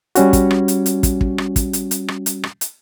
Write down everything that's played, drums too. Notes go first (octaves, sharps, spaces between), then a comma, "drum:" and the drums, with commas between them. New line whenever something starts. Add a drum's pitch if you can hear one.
G3 C#4 F#4, drum: hi-hat
drum: kick, hi-hat
drum: rim click
drum: hi-hat
drum: hi-hat
drum: kick, hi-hat
drum: kick
drum: rim click
drum: kick, hi-hat
drum: hi-hat
drum: hi-hat
drum: rim click
drum: hi-hat
drum: rim click
drum: hi-hat